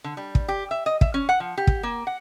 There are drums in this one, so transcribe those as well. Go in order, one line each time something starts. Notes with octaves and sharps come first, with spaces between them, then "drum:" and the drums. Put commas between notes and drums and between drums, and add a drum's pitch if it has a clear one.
D3
G3
drum: kick
G4
E5
D#5
E5, drum: kick
C#4
F#5
F3
G4
drum: kick
A#3
F#5